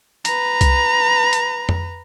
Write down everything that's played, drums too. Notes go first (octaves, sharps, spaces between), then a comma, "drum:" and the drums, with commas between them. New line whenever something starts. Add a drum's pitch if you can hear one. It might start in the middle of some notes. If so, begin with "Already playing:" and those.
B4 A#5, drum: hi-hat
drum: kick C2, hi-hat
drum: hi-hat
drum: tom F2